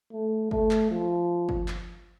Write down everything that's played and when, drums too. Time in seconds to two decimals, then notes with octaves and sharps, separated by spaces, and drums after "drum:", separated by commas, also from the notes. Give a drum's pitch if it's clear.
0.12 A3
0.51 A3, drum: kick G1
0.71 drum: clap
0.91 F3
1.49 drum: kick G1
1.68 drum: clap